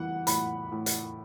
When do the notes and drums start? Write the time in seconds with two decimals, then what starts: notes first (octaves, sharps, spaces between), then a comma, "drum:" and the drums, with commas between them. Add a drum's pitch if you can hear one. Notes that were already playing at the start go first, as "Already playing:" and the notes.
Already playing: E3 G3 F#5
0.27 A2 B5, drum: hi-hat
0.72 A2
0.86 drum: hi-hat